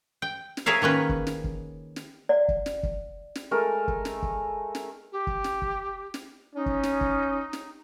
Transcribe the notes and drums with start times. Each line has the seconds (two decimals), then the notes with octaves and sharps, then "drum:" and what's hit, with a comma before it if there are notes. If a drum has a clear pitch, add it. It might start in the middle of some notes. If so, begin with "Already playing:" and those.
0.22 G5
0.57 drum: snare
0.66 G#4 A#4 C#5 E5 F5
0.82 D#3 A#3 C#4 B4
1.09 drum: kick
1.27 drum: snare
1.44 drum: kick
1.96 drum: snare
2.29 D5 F#5
2.48 drum: kick
2.66 drum: snare
2.83 drum: kick
3.35 drum: snare
3.51 G#3 A3 A#4
3.88 drum: kick
4.05 drum: snare
4.22 drum: kick
4.75 drum: snare
5.12 G4
5.27 drum: kick
5.44 drum: snare
5.62 drum: kick
6.14 drum: snare
6.55 C#4 D#4
6.66 drum: kick
6.83 drum: snare
7.01 drum: kick
7.53 drum: snare